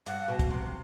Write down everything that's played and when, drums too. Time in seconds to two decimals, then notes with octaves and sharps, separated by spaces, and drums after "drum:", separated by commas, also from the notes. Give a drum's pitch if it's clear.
0.06 G2 F#5, drum: hi-hat
0.28 B2
0.39 drum: kick, hi-hat
0.50 C3